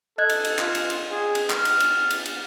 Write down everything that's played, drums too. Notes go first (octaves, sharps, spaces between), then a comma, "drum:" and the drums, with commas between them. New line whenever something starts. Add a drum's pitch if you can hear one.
A4 D#5 F#6 G#6
drum: cymbal
drum: cymbal
F4, drum: clap
drum: cymbal
drum: cymbal
G#4
drum: cymbal
F6, drum: clap
drum: cymbal
drum: cymbal
drum: cymbal
drum: cymbal